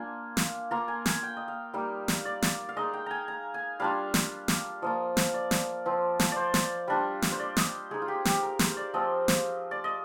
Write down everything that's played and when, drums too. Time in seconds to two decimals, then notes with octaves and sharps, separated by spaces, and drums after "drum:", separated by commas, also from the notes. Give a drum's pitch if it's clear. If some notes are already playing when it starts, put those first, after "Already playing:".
Already playing: A#3 D4 F4 G#5
0.37 drum: snare
0.71 A#3 F4 A#5
0.88 G#5
1.06 G#5, drum: snare
1.23 G5
1.37 D#5
1.48 F5
1.74 G3 A#3 D#4 F5
2.08 drum: snare
2.25 D5
2.42 drum: snare
2.69 F5
2.76 G#3 D#4 D#5
2.93 G5
3.06 G#5 A#5
3.28 A#5
3.54 G#5
3.80 G3 D4 F4 F5
4.14 drum: snare
4.48 drum: snare
4.82 F3 A#3 F4 D#5
5.17 drum: snare
5.34 D5
5.51 drum: snare
5.85 F3 C4 F4
6.20 drum: snare
6.32 C5 D5
6.54 drum: snare
6.88 G3 D4 F4
7.22 drum: snare
7.32 C5
7.40 D5
7.57 D#5, drum: snare
7.91 G#3 D#4 G#4
8.02 F4
8.08 G4
8.25 G4, drum: snare
8.43 A#4
8.59 C5, drum: snare
8.77 D5
8.94 F3 C4 F4 D#5
9.28 drum: snare
9.71 D5
9.84 D#5